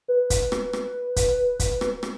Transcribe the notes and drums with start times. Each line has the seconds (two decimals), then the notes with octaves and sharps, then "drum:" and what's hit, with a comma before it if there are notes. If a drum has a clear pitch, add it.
0.08 B4
0.30 drum: kick, hi-hat
0.52 drum: rim click
0.73 drum: rim click
1.16 drum: kick, hi-hat
1.60 drum: kick, hi-hat
1.81 drum: rim click
2.03 drum: rim click